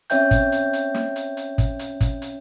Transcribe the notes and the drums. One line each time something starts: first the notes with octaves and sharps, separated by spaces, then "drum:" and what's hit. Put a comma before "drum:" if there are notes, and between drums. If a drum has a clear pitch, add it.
C4 C#4 C#5 E5 G5 G6, drum: hi-hat
drum: kick, hi-hat
drum: hi-hat
drum: hi-hat
drum: snare
drum: hi-hat
drum: hi-hat
drum: kick, hi-hat
drum: hi-hat
drum: kick, hi-hat
drum: hi-hat